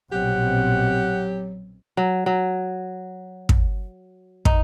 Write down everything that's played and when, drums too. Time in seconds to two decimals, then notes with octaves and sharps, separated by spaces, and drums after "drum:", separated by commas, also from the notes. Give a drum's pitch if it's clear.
0.12 A#1 B2 F#3 C4 G4 F#5
1.97 F#3
2.26 F#3
3.49 drum: kick
4.45 D#4, drum: kick